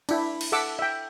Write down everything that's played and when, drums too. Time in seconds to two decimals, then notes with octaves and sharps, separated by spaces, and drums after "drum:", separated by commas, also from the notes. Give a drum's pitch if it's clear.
0.09 D4 E4, drum: cymbal
0.41 drum: cymbal
0.52 A4 E5 F#5 D6 E6
0.79 E5 G5